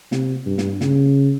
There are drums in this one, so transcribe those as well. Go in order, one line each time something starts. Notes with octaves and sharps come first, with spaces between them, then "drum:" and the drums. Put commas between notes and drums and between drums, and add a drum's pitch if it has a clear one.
C3, drum: snare
G2
drum: snare
C#3, drum: snare